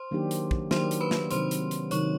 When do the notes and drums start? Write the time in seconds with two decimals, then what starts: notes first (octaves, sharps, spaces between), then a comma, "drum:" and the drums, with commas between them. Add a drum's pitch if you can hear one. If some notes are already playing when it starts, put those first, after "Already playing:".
Already playing: C5 C6
0.11 D#3 F#3 A#3 D4 G4
0.31 drum: hi-hat
0.51 drum: kick
0.71 D#3 F#3 A#3 D4 G4 C5 C6, drum: snare
0.91 drum: hi-hat
1.00 B4 B5
1.11 drum: snare
1.31 C3 D#3 F#3 C5 C6, drum: hi-hat
1.51 drum: hi-hat
1.71 drum: hi-hat
1.91 C3 D#3 F#3 C#5 C#6, drum: hi-hat